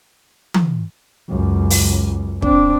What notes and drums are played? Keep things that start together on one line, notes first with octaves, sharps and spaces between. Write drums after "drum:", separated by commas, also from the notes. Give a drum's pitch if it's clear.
drum: tom E3
C#2 F#2
drum: open hi-hat
C4 D4, drum: kick